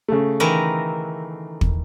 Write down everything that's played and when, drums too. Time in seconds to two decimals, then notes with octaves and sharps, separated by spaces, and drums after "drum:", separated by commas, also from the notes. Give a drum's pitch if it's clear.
0.08 C#3 A3
0.40 D#3 E3 A#4
1.61 drum: kick